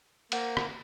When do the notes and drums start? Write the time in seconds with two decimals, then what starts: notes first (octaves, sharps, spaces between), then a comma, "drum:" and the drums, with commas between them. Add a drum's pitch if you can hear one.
0.32 A#3 C5 F#5, drum: cymbal
0.57 drum: rim click